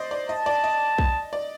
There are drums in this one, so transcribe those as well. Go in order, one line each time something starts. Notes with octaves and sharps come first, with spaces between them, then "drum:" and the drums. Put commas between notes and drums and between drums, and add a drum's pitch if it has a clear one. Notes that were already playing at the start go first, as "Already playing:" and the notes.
Already playing: C5 D5 D#5
D5
D#5 A5
D5
D#5
drum: kick A#1
D5